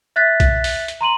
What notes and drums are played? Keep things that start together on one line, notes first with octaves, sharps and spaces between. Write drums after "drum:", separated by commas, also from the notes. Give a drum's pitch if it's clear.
E5 F#6 A6 B6
drum: kick B1, hi-hat
drum: open hi-hat
drum: hi-hat
A#5 C6 D#7 F#7